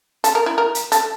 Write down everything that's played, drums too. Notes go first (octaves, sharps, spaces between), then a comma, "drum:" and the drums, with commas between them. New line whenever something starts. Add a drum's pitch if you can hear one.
A4, drum: hi-hat
A#4
E4
A#4
drum: hi-hat
A4, drum: hi-hat